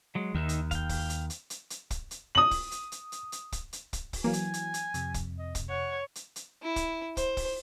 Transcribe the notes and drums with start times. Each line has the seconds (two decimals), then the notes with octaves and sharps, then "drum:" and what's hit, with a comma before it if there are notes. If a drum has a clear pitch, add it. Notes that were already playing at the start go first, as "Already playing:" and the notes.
0.15 F#3 G#3
0.35 D#2 D#3 D#4 E5
0.49 drum: hi-hat
0.71 F5 G5, drum: kick, hi-hat
0.89 drum: kick, open hi-hat
1.10 drum: hi-hat
1.30 drum: hi-hat
1.50 drum: hi-hat
1.70 drum: hi-hat
1.90 drum: kick, hi-hat
2.11 drum: hi-hat
2.35 D#6 F#7
2.51 drum: kick, open hi-hat
2.71 drum: hi-hat
2.92 drum: hi-hat
3.12 drum: hi-hat
3.32 drum: hi-hat
3.52 drum: kick, hi-hat
3.73 drum: hi-hat
3.93 drum: kick, hi-hat
4.13 drum: kick, open hi-hat
4.24 E3 F#3 A#3 G#5
4.33 drum: hi-hat
4.54 drum: hi-hat
4.74 drum: hi-hat
4.94 F2 C3, drum: hi-hat
5.14 drum: kick, hi-hat
5.39 D#5
5.55 drum: kick, hi-hat
5.70 C#5 F#5
6.15 drum: hi-hat
6.36 drum: hi-hat
6.63 E4
6.76 drum: kick, hi-hat
7.17 C5, drum: kick, hi-hat
7.37 drum: kick, open hi-hat